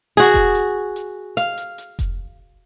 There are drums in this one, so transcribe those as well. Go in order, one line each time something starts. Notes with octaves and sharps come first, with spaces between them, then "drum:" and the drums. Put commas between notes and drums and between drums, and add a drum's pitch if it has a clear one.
F#4 G#4
drum: kick F1, hi-hat
drum: hi-hat
drum: hi-hat
F5, drum: hi-hat
drum: hi-hat
drum: hi-hat
drum: kick F1, hi-hat